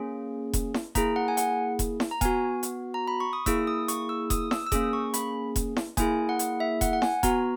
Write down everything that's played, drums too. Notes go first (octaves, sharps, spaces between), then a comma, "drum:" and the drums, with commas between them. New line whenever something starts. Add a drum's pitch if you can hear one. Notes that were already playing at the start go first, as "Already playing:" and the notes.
Already playing: A#3 C#4 G#4
drum: kick E1, hi-hat
drum: snare E4
A#3 E4 G#4 A#5, drum: kick E1, hi-hat
F#5
G#5
F#5, drum: hi-hat
drum: kick E1, hi-hat
drum: snare E4
A#5
B3 F#4 G#5, drum: kick E1, hi-hat
drum: hi-hat
A#5
B5
C#6
D#6
A#3 E4 G#4 E6, drum: kick E1, hi-hat
D#6
C#6, drum: hi-hat
E6
D#6, drum: kick E1, hi-hat
E6, drum: snare E4
E6
A#3 C#4 G#4 D#6, drum: kick E1, hi-hat
C#6
B5, drum: hi-hat
drum: kick E1, hi-hat
drum: snare E4
A#3 E4 G#4 G#5, drum: kick E1, hi-hat
F#5
drum: hi-hat
E5
F#5, drum: kick E1, hi-hat
F#5
G#5, drum: snare E4
B3 F#4 A#5, drum: kick E1, hi-hat